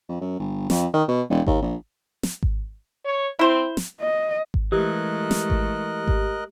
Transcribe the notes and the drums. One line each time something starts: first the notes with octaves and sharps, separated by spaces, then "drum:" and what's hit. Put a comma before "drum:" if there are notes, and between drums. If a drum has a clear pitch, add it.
F2
F#2
G1
F2, drum: snare
D#3
B2
E1
D#2, drum: kick G#1
A#1
drum: snare
drum: kick G#1
C#5
C4 E4 C5
drum: snare
D#5
drum: kick G#1
E3 G#3 A3 G4 A#4 D#5 F#6
drum: snare
drum: kick G#1
drum: kick G#1